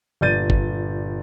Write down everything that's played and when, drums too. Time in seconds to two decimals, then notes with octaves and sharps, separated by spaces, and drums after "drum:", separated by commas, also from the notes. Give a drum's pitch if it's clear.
0.21 G1 A#2 D5 G6 A6 D#7
0.50 drum: kick